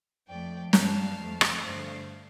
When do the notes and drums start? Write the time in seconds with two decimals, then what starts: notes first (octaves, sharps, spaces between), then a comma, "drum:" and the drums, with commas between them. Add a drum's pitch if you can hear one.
0.28 F2 F3 A3 D5 G5
0.73 G2 G3 F5 A5, drum: snare
1.17 F2 F3 A3
1.41 drum: rim click
1.61 G2 D3 A3 C5 F5